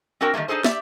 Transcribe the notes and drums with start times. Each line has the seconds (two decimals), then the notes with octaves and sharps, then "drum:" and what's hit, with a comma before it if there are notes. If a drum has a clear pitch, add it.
0.21 C4 D4 F#4 A#4 G5
0.34 D#3 F3 G3 A3 A#3
0.48 D4 D#4 G#4 A4 C5
0.64 G4 D5 E5, drum: snare